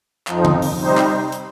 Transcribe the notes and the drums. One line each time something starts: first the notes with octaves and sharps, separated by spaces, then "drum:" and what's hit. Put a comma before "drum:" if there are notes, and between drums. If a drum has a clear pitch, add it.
F2 F3 D#4, drum: clap
drum: tom D3
drum: open hi-hat
C3 G3 D#4 C5
drum: clap
drum: hi-hat